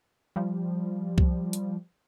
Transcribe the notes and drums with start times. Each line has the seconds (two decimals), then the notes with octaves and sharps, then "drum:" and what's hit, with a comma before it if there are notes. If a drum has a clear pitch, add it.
0.36 F3 G3
1.18 drum: kick C2
1.53 drum: hi-hat